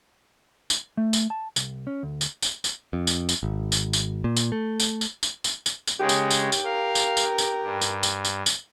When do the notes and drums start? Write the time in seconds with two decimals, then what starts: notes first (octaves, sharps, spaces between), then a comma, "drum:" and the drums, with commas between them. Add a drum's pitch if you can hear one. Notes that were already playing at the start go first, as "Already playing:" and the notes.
0.70 drum: tambourine
0.97 A3
1.13 drum: tambourine
1.30 A5
1.56 C2, drum: tambourine
1.87 C#4
2.03 D2
2.21 drum: tambourine
2.42 drum: tambourine
2.64 drum: tambourine
2.93 F2
3.07 drum: tambourine
3.29 drum: tambourine
3.43 G#1
3.72 drum: tambourine
3.93 drum: tambourine
4.24 A#2
4.37 drum: tambourine
4.52 A3
4.80 drum: tambourine
5.01 drum: tambourine
5.23 drum: tambourine
5.44 drum: tambourine
5.66 drum: tambourine
5.87 drum: tambourine
6.00 C#3 G#3 G4 C#5
6.09 drum: tambourine
6.31 drum: tambourine
6.52 drum: tambourine
6.65 A#4 F5
6.95 drum: tambourine
7.17 drum: tambourine
7.38 drum: tambourine
7.63 G2
7.81 drum: tambourine
8.03 drum: tambourine
8.25 drum: tambourine
8.46 drum: tambourine